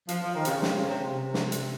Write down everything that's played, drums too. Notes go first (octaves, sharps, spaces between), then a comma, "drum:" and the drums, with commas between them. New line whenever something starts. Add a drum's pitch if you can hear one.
F3, drum: hi-hat
F3
D#3
C3, drum: hi-hat
C#3
C3, drum: snare
C#3
C3
C3
drum: snare
drum: hi-hat